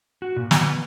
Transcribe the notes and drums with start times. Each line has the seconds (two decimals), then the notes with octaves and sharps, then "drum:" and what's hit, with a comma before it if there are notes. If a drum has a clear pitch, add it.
0.22 F#4
0.36 A#2
0.51 B3, drum: snare